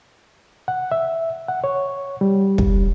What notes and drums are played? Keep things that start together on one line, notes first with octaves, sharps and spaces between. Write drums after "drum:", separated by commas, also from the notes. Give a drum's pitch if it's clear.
F#5
E5
F#5
C#5
G3
drum: kick